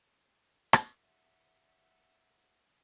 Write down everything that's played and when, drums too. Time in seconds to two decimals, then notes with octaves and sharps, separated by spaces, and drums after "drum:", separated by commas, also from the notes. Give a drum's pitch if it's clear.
0.73 drum: rim click
1.00 E5 F#5